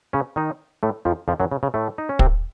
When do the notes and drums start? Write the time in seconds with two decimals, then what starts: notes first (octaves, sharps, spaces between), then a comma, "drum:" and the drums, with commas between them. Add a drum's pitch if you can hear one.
0.13 C#3 C#4
0.36 D#3 D#4
0.83 A2 A3
1.05 F2 F3
1.28 F2 F3
1.40 F#2 F#3
1.52 C#3
1.63 C#3
1.74 A2 A3
1.98 D#4
2.09 C#4
2.19 C3 C4, drum: kick